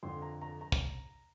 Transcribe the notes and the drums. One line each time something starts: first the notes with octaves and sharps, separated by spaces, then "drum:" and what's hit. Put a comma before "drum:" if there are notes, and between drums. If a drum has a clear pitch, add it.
F2 D3 C6
A#5
A#5
A#5
drum: kick